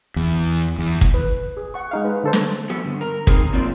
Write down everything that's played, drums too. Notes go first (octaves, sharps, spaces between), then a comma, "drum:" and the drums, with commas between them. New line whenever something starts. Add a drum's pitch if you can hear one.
E2
E2
drum: kick
B4
G#4
F#5 C#6
G#3 D#4 F5
B4
D3 A4 C5
drum: snare
F3 B3 F#4 G4 A4
G2 D3
A#4
C4 D#4 G#4 A#4, drum: kick
F#3 A#3 C4 F4 F#4 D5